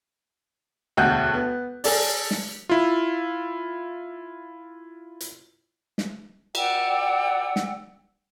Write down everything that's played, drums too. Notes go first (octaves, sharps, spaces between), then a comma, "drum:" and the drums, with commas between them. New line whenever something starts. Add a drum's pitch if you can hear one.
E1 D2 F#4 F#6 G6
B3
G#4 A4 D5, drum: open hi-hat
drum: snare
E4 F4
drum: hi-hat
drum: snare
D5 F#5 G5 E6, drum: cymbal
drum: snare